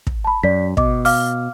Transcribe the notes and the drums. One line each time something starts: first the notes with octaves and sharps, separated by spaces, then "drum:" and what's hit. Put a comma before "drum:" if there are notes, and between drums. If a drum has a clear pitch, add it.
drum: kick
A5 B5
F#2 D5 B6
B2 D#5 D6, drum: kick
F5 D6 F6, drum: open hi-hat